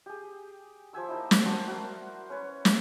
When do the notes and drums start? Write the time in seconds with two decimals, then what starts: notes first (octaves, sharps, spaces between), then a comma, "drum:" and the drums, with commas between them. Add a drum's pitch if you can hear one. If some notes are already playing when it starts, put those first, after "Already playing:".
0.06 G4 G#4
0.93 F3 G4 G#5 E6
1.09 A#3 D#4 E4
1.31 drum: snare
1.44 F#4 C5 D5 A5
1.68 F#4 A#4
2.30 C#4 B4 C#5
2.65 drum: snare